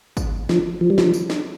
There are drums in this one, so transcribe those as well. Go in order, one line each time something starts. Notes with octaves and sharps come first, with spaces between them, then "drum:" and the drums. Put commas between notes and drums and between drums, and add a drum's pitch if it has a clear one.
drum: kick, tambourine
F3, drum: snare
F3
G3
F3, drum: snare
drum: tambourine
drum: snare